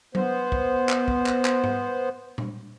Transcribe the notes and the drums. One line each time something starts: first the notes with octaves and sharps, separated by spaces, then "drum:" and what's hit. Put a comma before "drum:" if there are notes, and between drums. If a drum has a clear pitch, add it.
B3 C5, drum: tom F#3
drum: kick
drum: clap
drum: kick
drum: clap
drum: clap
drum: tom G#2
drum: tom A#2